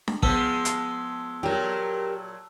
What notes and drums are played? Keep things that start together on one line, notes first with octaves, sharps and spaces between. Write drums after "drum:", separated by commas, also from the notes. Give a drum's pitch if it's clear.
drum: snare D4
F3 G#3 B3 A5 E6 G7, drum: kick
drum: hi-hat
A#2 F#3 G4 A#4